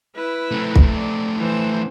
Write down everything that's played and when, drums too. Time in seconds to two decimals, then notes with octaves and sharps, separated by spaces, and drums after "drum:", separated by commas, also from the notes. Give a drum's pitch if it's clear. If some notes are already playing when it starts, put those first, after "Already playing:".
0.16 E4 B4
0.51 A3 C4
0.76 drum: kick
0.93 D5
1.37 E3 C5